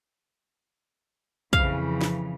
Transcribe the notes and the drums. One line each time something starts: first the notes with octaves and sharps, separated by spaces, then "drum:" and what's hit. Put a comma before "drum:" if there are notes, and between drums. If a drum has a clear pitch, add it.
F2 C#3 E3 F5, drum: kick
drum: snare